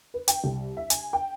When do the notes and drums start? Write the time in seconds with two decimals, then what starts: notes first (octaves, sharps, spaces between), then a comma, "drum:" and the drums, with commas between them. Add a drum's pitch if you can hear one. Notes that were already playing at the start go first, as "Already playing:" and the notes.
0.14 B4
0.28 G5, drum: hi-hat
0.44 C2
0.77 E5
0.90 G#5, drum: hi-hat
1.13 G5